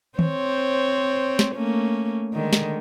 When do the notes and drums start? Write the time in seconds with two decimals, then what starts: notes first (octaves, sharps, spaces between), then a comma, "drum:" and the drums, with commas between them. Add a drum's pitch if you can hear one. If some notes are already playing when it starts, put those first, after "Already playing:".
0.19 C4 C5 C#5, drum: tom D#3
1.39 drum: snare
1.56 A3 A#3 C#4
2.34 D3 D#3 G#3
2.53 drum: snare